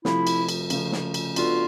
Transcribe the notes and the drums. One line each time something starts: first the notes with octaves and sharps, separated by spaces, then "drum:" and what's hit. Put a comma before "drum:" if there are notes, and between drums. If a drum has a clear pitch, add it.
C3 F3 A3 E4, drum: snare
drum: cymbal
drum: cymbal
C#3 F3 A3 C#4, drum: cymbal
drum: snare
drum: cymbal
B3 D4 F4 F#4 A4, drum: cymbal